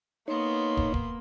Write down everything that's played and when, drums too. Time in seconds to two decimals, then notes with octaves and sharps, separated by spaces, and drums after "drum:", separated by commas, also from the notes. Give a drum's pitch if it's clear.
0.28 A#3 B3 D#4 C#5 C6
0.77 drum: kick
0.94 drum: kick